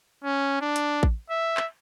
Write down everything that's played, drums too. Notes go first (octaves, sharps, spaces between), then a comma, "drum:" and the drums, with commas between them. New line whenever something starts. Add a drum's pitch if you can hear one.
C#4
D4
drum: hi-hat
drum: kick A1
E5
drum: clap